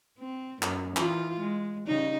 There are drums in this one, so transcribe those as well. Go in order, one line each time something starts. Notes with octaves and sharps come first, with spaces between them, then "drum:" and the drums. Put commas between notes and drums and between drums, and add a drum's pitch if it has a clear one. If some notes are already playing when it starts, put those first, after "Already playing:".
C4
F#2, drum: clap
E3 F4, drum: clap
G#3
C#3 G3 D#4